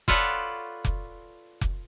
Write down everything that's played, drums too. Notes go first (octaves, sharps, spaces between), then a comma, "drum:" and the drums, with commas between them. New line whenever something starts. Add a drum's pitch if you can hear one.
F4 A4 B4 C#5 D5 F#5, drum: kick F1
drum: kick F1
drum: kick F1